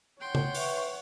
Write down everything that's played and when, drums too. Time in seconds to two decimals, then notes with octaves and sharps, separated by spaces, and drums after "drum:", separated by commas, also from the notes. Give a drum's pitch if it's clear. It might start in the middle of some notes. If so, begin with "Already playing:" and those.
0.21 C#5 F#5 G5 C6
0.35 drum: tom C#3
0.54 B4 E5 C#6, drum: open hi-hat